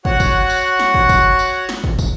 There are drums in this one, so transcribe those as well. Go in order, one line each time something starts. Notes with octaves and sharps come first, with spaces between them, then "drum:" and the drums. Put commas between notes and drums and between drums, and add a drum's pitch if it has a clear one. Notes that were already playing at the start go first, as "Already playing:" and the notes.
F#4 C#5 F#5 F#6, drum: kick
drum: kick, tambourine
drum: tambourine
drum: snare
drum: kick
drum: kick, tambourine
drum: tambourine
drum: snare
drum: kick
drum: kick, tambourine